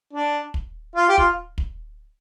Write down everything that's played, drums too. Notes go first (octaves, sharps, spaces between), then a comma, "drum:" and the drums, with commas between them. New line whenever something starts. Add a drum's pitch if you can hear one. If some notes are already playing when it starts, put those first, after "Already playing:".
D4
drum: kick
F4
G4
F4, drum: kick
drum: kick